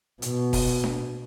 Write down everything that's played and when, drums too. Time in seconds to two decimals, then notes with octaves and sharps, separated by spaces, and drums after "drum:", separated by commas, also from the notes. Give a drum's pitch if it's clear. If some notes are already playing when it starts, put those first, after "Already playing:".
0.22 B2, drum: hi-hat
0.53 drum: kick E1, open hi-hat
0.84 drum: snare D4